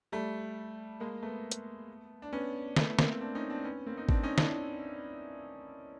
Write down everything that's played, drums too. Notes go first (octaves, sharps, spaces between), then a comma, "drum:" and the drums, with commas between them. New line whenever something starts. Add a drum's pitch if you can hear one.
G3 A3
G#3 A#3
A3 B3
drum: hi-hat
D4
B3 C#4
A3 B3, drum: snare
A#3 C4, drum: snare
C4 D4
C#4 D#4
C4 D4
B3 C#4
A#3 C4
D#4
C4 D4, drum: kick
C#4 D#4
D4 E4, drum: snare